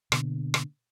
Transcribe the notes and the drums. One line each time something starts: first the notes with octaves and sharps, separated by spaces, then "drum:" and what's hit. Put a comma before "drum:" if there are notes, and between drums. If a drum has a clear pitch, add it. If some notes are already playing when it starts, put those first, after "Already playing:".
B2 D3 A#3, drum: rim click
drum: rim click